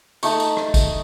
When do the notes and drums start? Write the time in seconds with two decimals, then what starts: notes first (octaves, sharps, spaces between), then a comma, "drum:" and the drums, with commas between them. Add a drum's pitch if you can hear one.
0.23 A3 D#4 C#6, drum: tambourine
0.40 drum: tambourine
0.57 drum: rim click
0.74 drum: kick, tambourine